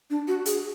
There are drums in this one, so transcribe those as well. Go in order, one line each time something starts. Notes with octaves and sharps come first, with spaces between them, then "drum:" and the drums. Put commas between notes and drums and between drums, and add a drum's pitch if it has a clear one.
D4
F#4
G#4, drum: hi-hat